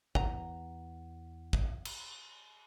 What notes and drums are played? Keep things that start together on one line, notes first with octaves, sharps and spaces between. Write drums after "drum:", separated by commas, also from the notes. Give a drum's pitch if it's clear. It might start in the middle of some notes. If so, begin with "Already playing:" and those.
E2 E3 F#5 A#5, drum: kick
drum: kick
drum: cymbal